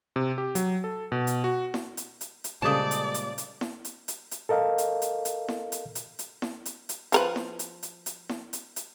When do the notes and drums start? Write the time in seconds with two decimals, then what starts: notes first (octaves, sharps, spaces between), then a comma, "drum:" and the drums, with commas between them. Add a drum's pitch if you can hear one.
0.16 C3
0.38 G4
0.55 F#3, drum: hi-hat
0.84 A4
1.12 B2
1.27 drum: hi-hat
1.44 F#4
1.74 drum: snare E4
1.97 drum: hi-hat
2.21 drum: hi-hat
2.44 drum: hi-hat
2.62 A#2 C#3 G3 G#3 A4 C5 D5 A5
2.91 drum: hi-hat
3.14 drum: hi-hat
3.38 drum: hi-hat
3.61 drum: snare E4
3.85 drum: hi-hat
4.08 drum: hi-hat
4.31 drum: hi-hat
4.49 A4 A#4 D#5 F5
4.78 drum: hi-hat
5.02 drum: hi-hat
5.25 drum: hi-hat
5.48 drum: snare E4
5.72 drum: hi-hat
5.95 drum: hi-hat
6.19 drum: hi-hat
6.42 drum: snare E4
6.65 drum: hi-hat
6.89 drum: hi-hat
7.12 F3 A#4 B4, drum: hi-hat
7.36 drum: snare E4
7.59 drum: hi-hat
7.83 drum: hi-hat
8.06 drum: hi-hat
8.29 drum: snare E4
8.53 drum: hi-hat
8.76 drum: hi-hat